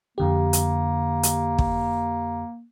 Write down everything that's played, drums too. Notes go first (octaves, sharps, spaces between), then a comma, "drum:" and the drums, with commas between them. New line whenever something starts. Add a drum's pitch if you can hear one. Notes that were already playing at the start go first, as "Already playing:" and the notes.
F2 D3 A#3 G4
drum: hi-hat
drum: hi-hat
drum: kick